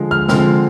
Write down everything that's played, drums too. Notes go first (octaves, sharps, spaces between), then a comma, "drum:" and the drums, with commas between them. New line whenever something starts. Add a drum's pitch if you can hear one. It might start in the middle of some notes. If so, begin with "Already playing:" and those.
Already playing: D3 F3 G#3
F6
D3 F3 G#3 C4 F6, drum: snare